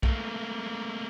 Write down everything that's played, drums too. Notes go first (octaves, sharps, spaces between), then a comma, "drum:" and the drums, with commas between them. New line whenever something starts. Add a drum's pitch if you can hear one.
A3 A#3, drum: kick